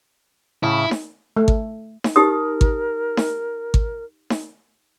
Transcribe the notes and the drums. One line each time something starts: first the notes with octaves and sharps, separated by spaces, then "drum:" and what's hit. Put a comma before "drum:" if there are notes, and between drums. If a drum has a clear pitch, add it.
A2 C#3 E4
drum: snare D#4
A3
drum: kick G#1
drum: snare D#4
D#4 G4 A#4 D#6
drum: kick G#1
drum: snare D#4
drum: kick G#1
drum: snare D#4